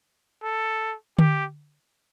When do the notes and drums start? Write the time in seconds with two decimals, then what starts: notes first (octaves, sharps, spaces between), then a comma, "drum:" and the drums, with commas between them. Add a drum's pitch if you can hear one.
0.43 A4
1.19 G4, drum: tom D3